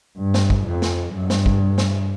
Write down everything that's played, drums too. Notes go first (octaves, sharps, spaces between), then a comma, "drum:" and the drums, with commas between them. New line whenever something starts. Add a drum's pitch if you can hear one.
G2
drum: snare
drum: kick
F2
drum: snare
G2
drum: snare
drum: kick
drum: snare